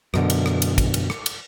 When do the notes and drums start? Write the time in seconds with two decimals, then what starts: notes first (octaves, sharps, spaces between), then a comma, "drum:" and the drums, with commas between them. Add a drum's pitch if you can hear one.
0.14 F#2 B2 D3, drum: rim click
0.30 drum: cymbal
0.46 drum: rim click
0.62 drum: cymbal
0.78 drum: kick, cymbal
0.94 drum: cymbal
1.10 drum: rim click
1.26 drum: cymbal